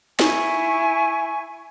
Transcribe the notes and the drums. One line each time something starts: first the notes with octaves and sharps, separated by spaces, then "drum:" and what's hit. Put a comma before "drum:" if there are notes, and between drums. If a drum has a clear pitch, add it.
E4 G#5 C#6, drum: snare